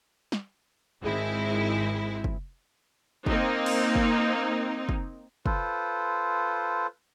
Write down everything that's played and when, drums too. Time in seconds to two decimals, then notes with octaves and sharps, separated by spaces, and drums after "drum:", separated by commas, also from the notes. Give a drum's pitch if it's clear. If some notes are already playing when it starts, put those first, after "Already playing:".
0.32 drum: snare
1.01 G#1 G#3 C4 E4
2.24 drum: kick
3.26 A#3 C4 D#4, drum: kick
3.66 drum: cymbal
3.95 drum: kick
4.89 drum: kick
5.46 F4 A4 B4 C5, drum: kick